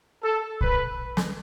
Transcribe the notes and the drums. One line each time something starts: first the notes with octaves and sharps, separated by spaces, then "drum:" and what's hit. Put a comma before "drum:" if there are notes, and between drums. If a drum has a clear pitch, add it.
A4
B4, drum: kick A#1
drum: snare